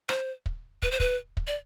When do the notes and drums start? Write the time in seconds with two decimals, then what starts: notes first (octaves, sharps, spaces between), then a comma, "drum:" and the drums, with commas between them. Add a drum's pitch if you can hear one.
0.09 C5, drum: rim click
0.46 drum: kick
0.82 B4, drum: kick
0.91 C5
1.00 B4, drum: kick
1.37 drum: kick
1.47 D5